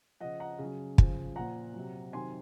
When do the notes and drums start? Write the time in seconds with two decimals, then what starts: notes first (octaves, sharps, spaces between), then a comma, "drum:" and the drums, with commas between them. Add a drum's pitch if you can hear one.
0.20 C#3 F3 D#5 F#5
0.40 F#5 A#5
0.59 C#3
0.64 F#3
0.98 C#3 F3, drum: kick
1.35 A#2 F3 F#5 A#5
1.74 C3 F#3
2.12 C3 D#3 F#3 G#5 C6